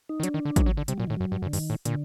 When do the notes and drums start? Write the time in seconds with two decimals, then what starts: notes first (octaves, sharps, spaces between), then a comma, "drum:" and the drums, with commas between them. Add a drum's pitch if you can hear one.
0.09 D#4
0.20 D#3
0.23 F#3 D4, drum: hi-hat
0.34 D#3
0.45 D3
0.56 F#3, drum: kick, hi-hat
0.66 F#3
0.77 D3
0.88 C3 G3, drum: hi-hat
0.98 A#2 F#3
1.07 A2 D#3
1.16 F#2 F#3
1.32 G2
1.42 F#2
1.46 D3
1.53 G2 D#3, drum: open hi-hat
1.70 A2
1.85 A#2 D3, drum: hi-hat